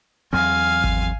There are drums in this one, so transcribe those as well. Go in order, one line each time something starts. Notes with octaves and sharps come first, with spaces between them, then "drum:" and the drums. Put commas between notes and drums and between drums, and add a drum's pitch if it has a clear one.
E2 F#3 C4 F5 G#5 F6
drum: kick G#1